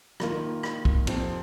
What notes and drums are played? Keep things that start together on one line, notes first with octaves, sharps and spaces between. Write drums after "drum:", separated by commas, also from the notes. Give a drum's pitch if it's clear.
D#3 A#3 F4, drum: rim click
drum: rim click
drum: kick B1
F2 C3 F3 C4, drum: cymbal